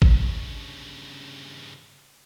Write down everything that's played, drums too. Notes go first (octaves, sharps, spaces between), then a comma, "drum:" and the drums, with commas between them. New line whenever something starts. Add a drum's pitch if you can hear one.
G2 C#3, drum: kick G#1